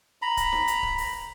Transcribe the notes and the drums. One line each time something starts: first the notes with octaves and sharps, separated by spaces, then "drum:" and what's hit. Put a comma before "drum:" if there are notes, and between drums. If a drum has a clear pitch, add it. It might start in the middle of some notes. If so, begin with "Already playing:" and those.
A#5 B5
drum: kick C#1, hi-hat
drum: snare
drum: hi-hat
drum: kick C#1
drum: open hi-hat